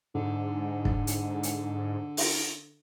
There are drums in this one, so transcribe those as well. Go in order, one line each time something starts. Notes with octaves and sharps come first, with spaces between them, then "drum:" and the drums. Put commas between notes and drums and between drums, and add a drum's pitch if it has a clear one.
G#2 D3
drum: kick
drum: hi-hat
drum: hi-hat
drum: open hi-hat